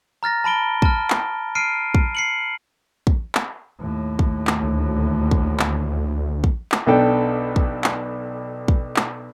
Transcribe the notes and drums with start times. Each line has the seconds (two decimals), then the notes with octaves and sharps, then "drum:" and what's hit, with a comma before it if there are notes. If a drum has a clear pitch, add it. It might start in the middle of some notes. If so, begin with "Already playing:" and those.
0.23 A#5 F6 A6 A#6
0.44 A5 B5 D7 G7
0.82 A5 F6, drum: kick
1.10 drum: clap
1.55 F6 C7 D7 D#7
1.95 drum: kick
2.15 C7 C#7 F#7
3.07 drum: kick
3.35 drum: clap
3.80 D#2 A2
4.19 drum: kick
4.47 drum: clap
4.63 D2
5.31 drum: kick
5.60 drum: clap
6.44 drum: kick
6.72 drum: clap
6.86 B1 B3 D4 A4 G5
7.56 drum: kick
7.84 drum: clap
8.68 drum: kick
8.96 drum: clap